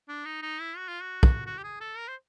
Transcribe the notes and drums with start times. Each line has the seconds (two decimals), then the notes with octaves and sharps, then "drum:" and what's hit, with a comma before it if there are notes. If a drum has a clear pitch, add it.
0.08 D4
0.25 D#4
0.42 D#4
0.60 E4
0.77 F#4
0.88 F4
1.01 F#4
1.23 drum: kick
1.46 F#4
1.58 G4
1.64 G#4
1.81 A4
1.97 A#4
2.08 C5